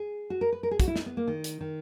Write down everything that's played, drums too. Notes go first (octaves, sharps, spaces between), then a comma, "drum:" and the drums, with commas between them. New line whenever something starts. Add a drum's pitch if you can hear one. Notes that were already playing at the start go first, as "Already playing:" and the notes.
Already playing: G#4
F#4
A#4
B4
A#4
G#4
F#4, drum: kick, hi-hat
E4
D#4, drum: snare
B3
A#3
D#3
drum: hi-hat
D#3